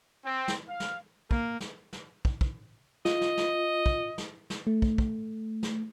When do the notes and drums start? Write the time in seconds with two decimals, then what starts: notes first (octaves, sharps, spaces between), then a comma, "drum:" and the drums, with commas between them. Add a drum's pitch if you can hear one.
0.25 C4
0.48 drum: snare
0.68 F5
0.80 drum: snare
1.31 A#3, drum: kick
1.60 drum: snare
1.93 drum: snare
2.25 drum: kick
2.41 drum: kick
3.05 F4 D#5, drum: snare
3.21 drum: snare
3.37 drum: snare
3.86 drum: kick
4.18 drum: snare
4.50 drum: snare
4.67 A3
4.82 drum: kick
4.98 drum: kick
5.63 drum: snare